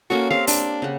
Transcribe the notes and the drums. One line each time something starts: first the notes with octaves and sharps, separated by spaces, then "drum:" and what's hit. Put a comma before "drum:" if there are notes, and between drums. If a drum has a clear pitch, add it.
A#3 C#4 F#4 A4
A#3 C4 G4 F5
D4, drum: open hi-hat
C#3 F#5